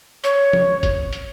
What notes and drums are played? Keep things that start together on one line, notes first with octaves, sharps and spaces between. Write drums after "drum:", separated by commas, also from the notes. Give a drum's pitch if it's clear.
C#5, drum: hi-hat
drum: tom
drum: kick, hi-hat
drum: hi-hat